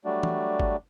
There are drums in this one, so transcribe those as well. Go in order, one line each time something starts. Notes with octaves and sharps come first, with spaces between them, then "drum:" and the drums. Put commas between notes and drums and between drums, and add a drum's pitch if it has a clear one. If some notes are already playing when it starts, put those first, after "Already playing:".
F#3 G3 A3 D4 F#4 D5
drum: tom
drum: kick G1